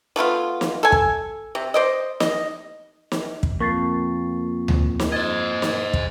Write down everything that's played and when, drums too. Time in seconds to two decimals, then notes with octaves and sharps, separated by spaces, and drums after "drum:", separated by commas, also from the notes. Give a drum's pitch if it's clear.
0.16 F3 A3 B3 F4
0.61 drum: snare
0.83 A4 G#5
0.92 drum: kick
1.55 C3
1.74 C5 D5 D#5
2.20 D#5, drum: snare
3.12 drum: snare
3.43 drum: kick
3.60 F2 A#3 C#6 A6 C7
4.68 drum: tom D2
5.00 drum: snare
5.12 C5 D#5 G#6 A6
5.62 drum: snare
5.94 drum: kick